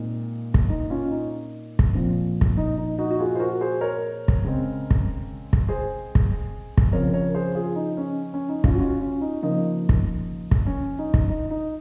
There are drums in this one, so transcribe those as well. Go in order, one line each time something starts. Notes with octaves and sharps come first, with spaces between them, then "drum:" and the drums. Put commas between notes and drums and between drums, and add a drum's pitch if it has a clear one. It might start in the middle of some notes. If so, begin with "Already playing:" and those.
Already playing: A#2 G#3 C4 D#4
drum: kick
D#4
C#4 F4
D#4
drum: kick
A#2 F3 C4
drum: kick
D#4
D#4
D#4 F#4
F#4
F4 G#4
C5
F#4 A#4
G#4 C5
A#4 C#5
drum: kick
C#3 G#3 C4
drum: kick
drum: kick
G#4 C5
drum: kick
drum: kick
C#3 F3 C4 A#4 C#5
A#4 C#5
G#4 C5
F4 G#4
D#4
C#4
C#4
D#4
C#4 F4, drum: kick
F#4
C#4 F4
C#4 F4
D#4
C#3 F3 A#3 D#4
drum: kick
drum: kick
C#4
D#4
drum: kick
D#4
D#4